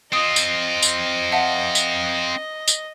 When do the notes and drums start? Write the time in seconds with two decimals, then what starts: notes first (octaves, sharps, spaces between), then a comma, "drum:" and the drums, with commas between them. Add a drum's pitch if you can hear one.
0.13 C4 F4 D#5 D#6
0.36 drum: tambourine
0.83 drum: tambourine
1.32 E5 F#5 A5
1.75 drum: tambourine
2.68 drum: tambourine